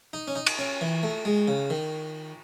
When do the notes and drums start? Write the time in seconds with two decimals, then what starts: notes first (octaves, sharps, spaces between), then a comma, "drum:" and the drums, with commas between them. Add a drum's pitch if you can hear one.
0.13 D#4
0.28 C#4
0.35 D#4
0.46 drum: cymbal
0.59 C#4
0.81 E3
1.03 A3
1.25 G#3
1.48 C#3
1.70 D#3